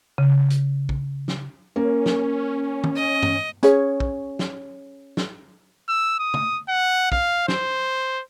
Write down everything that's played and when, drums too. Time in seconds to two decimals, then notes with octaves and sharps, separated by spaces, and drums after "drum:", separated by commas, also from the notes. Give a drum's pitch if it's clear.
0.18 C#3
0.50 drum: hi-hat
0.89 drum: kick
1.28 drum: snare
1.76 A#3 C#4
2.06 drum: snare
2.84 drum: tom D#3
2.96 D#5
3.23 drum: tom G2
3.63 C#4 G#4 C#5, drum: hi-hat
4.00 drum: kick
4.39 drum: snare
5.17 drum: snare
5.89 E6
6.19 D#6
6.34 drum: tom
6.69 F#5
7.12 F5, drum: kick
7.48 C5, drum: snare